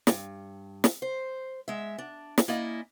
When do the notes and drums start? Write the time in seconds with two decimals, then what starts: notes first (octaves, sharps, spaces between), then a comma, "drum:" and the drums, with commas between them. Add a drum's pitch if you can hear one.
0.07 G2, drum: snare
0.84 drum: snare
1.02 C5
1.68 G#3 E5
1.98 D4
2.38 drum: snare
2.48 A#3 C#4 E4 D5 D#5